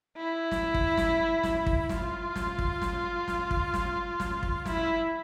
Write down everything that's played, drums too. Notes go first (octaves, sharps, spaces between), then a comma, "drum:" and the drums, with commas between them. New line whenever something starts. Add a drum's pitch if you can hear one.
E4
drum: snare
drum: kick
drum: snare
drum: snare
drum: kick
F4, drum: snare
drum: snare
drum: kick
drum: snare
drum: snare
drum: kick
drum: snare
drum: snare
drum: kick
E4, drum: snare